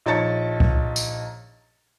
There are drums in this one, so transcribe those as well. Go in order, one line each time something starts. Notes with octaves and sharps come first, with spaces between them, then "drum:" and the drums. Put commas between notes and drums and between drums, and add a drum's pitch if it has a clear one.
A#1 D#4 C#5 A5 A6 C#7
drum: kick C2
drum: tambourine